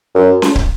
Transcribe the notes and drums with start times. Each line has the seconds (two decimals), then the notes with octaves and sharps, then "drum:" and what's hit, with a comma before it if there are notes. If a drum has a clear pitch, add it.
0.15 F#2
0.42 drum: snare C#4
0.55 drum: kick